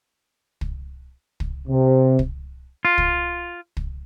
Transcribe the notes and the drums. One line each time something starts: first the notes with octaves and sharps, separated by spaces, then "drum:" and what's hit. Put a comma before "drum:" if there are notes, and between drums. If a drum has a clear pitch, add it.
drum: kick
drum: kick
C3
drum: kick
F4
drum: kick
drum: kick